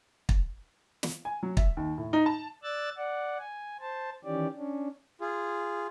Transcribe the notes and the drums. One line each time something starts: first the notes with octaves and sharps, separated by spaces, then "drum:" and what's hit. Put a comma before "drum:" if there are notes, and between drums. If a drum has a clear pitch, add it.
drum: kick
drum: snare
G#5
F#3
E5, drum: kick
D#2
A2
D#4
A5
D5 E6 F#6 A6
D5 F#5
G#5
C5 A5
D#3 E3 C#4 G4 D5
C#4 D4
F4 G#4